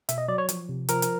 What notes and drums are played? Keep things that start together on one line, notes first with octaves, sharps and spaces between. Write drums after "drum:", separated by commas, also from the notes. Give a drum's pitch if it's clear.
B2 E5, drum: hi-hat
D#5
F#3 D5
C#5
F3, drum: hi-hat
C3
F3 A#4, drum: hi-hat
drum: hi-hat